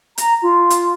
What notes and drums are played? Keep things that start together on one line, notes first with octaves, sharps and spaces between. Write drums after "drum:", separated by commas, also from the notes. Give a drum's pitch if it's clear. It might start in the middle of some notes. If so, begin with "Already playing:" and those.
A#5, drum: hi-hat
F4
drum: hi-hat